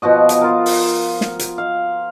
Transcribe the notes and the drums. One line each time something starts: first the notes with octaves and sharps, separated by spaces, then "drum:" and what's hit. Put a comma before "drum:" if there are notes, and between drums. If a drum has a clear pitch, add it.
B2 F3 F#4 D#5
drum: hi-hat
F4 A#4
drum: open hi-hat
drum: snare
drum: hi-hat
F5